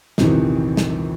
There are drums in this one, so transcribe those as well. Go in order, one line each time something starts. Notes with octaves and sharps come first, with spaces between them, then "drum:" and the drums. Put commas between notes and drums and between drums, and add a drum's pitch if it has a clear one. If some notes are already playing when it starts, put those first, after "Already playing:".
A#1 E2 C3 D#3 E3, drum: snare
drum: snare